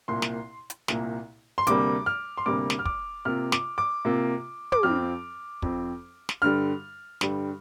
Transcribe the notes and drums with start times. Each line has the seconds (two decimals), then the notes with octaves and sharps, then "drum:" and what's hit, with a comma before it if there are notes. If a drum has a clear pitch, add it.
0.08 C2 A#2 A#3 C6
0.22 drum: snare
0.70 drum: hi-hat
0.88 C2 A#2 A#3, drum: snare
1.58 C6
1.67 D2 C3 G3 A#3 D6, drum: hi-hat
2.06 F6
2.38 C6
2.46 D2 C3 G3 A#3 D6
2.70 drum: snare
2.79 F6
2.85 D6, drum: kick
3.25 C3 A#3 F4 F6
3.52 D6, drum: snare
3.78 D6
4.05 C3 A#3 F4
4.72 D6, drum: tom
4.83 F2 F3 C4 F6
5.62 F2 F3 C4, drum: kick
6.29 drum: snare
6.42 G2 D3 G3 F6
7.21 G2 D3 G3, drum: snare